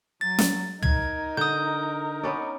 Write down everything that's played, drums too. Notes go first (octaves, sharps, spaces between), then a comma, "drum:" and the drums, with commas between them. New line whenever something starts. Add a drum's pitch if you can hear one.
F#3 A6
drum: snare
D#4 A#4 G#6, drum: tom
D3 D#6 G6
B3 C#4 D5